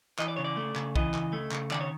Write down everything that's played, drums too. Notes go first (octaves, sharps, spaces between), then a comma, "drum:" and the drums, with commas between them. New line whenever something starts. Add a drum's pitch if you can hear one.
E3 D#5, drum: clap
D5
C#3 C#5
D5
A3
C#3, drum: clap
E3 D#5, drum: kick B1
C#3, drum: clap
A3
C#3, drum: clap
D#3 D5, drum: clap
C#5